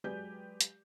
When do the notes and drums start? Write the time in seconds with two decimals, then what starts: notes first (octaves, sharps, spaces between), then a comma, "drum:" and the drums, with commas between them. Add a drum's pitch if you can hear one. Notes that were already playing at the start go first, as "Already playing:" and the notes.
0.04 F#3 G#3 G4 B4 D5 G6
0.61 drum: hi-hat